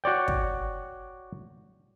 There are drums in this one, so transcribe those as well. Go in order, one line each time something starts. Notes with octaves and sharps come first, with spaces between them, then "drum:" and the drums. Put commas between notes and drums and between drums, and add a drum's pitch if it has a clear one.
F#4 C#5 D5 G5
drum: kick